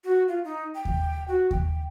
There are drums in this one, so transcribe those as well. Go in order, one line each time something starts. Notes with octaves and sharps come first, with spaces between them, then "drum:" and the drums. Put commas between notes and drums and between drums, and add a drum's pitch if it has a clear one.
F#4
F4
D#4
G5
drum: kick D#2
F#4
G5, drum: kick D#2